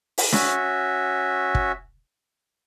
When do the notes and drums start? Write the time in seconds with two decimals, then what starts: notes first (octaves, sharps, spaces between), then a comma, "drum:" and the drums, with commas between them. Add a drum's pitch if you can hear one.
0.18 drum: open hi-hat
0.33 C#4 F#4 E5, drum: snare
1.55 drum: kick